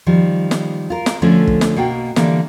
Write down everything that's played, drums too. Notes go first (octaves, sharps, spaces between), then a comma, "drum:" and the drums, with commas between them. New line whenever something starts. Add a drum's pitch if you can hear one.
D#3 F3 G3
drum: snare
F4 A#4
drum: snare
D3 F3 A3 C#4
drum: kick
drum: snare
B2 A#3 F#4 G5
D3 E3 G3 A#3, drum: snare